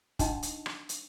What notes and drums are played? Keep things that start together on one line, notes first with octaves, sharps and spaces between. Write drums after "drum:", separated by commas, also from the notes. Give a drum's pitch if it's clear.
D4 D#4 F#4 D#5 F#5 A5, drum: kick, hi-hat
drum: hi-hat
drum: rim click
drum: hi-hat